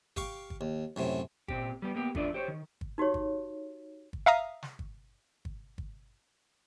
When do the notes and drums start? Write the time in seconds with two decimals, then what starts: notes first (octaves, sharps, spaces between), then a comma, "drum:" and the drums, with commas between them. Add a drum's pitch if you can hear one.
0.16 G4 F5 C#6 D6, drum: kick
0.50 drum: kick
0.61 D#2
0.96 F#2 A2 C3
1.48 A#2 C4 G4, drum: kick
1.82 G3 B3 G4
1.95 A#3 B3 G4
2.15 E2 A3 D4 F4 D5 E5, drum: kick
2.34 G4 C5 C#5
2.48 D#3
2.81 drum: kick
2.98 D#4 F#4 G4 C#5
3.14 drum: kick
4.13 drum: kick
4.26 E5 F5 A#5 D#6
4.62 drum: snare
4.79 drum: kick
5.45 drum: kick
5.78 drum: kick